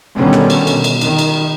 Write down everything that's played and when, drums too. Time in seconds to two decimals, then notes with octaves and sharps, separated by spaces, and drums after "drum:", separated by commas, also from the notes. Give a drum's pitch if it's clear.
0.16 B2 D3 D#3 G3 B3 C#4
0.33 drum: rim click
0.50 drum: cymbal
0.67 drum: cymbal
0.84 drum: cymbal
1.01 D#3, drum: cymbal
1.18 drum: cymbal